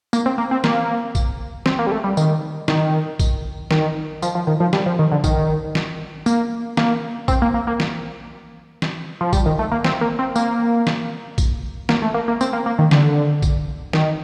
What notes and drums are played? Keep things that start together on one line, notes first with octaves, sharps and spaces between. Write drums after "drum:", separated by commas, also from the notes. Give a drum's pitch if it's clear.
A#3, drum: tambourine
C4
A#3
C4
A#3, drum: snare
drum: kick, tambourine
C4, drum: snare
A#3
G3
A3
G3
D#3, drum: tambourine
D#3, drum: snare
drum: kick, tambourine
D#3, drum: snare
F3, drum: tambourine
F3
D#3
F3
G3, drum: snare
F3
D#3
D3
D#3, drum: kick, tambourine
drum: snare
A#3, drum: tambourine
A#3, drum: snare
C4, drum: kick, tambourine
A#3
A#3
A#3
drum: snare
drum: snare
F3
G3, drum: kick, tambourine
D#3
A3
A#3
C4, drum: snare
A#3
C4
A#3, drum: tambourine
drum: snare
drum: kick, tambourine
A#3, drum: snare
A3
A#3
A#3
C4, drum: tambourine
A#3
A#3
D#3
D3, drum: snare
drum: kick, tambourine
D#3, drum: snare